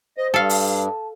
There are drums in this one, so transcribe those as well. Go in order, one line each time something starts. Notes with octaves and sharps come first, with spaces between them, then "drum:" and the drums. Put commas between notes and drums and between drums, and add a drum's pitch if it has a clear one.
C5 D#5
G2 A4 F5
A5, drum: open hi-hat